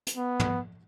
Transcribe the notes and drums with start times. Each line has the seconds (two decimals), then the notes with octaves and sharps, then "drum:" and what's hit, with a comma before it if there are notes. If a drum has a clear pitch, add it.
0.07 drum: hi-hat
0.16 B3
0.40 drum: tom